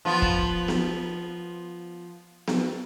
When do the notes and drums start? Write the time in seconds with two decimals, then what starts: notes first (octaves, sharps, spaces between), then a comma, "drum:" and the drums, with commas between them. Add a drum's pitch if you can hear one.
0.05 F3 B3 F4
0.22 drum: kick
0.68 drum: snare B3
2.48 drum: snare B3